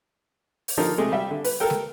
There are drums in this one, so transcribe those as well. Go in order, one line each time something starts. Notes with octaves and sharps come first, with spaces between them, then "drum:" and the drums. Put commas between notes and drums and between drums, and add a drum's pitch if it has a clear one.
drum: open hi-hat
D3 F3 D#4 F4 A#4
C3 G#3 A3 G#4
G3 E5 G5
D3
B4, drum: open hi-hat
A4 A#4 G5
drum: snare